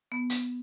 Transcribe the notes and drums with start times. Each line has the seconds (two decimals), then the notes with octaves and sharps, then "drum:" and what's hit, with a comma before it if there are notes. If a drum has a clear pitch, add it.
0.12 B3
0.30 drum: hi-hat